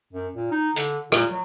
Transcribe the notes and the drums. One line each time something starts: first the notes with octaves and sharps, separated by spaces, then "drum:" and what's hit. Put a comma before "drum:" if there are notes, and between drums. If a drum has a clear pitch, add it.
F#2
A#2
D#4
D3, drum: hi-hat
A#2, drum: rim click
F#3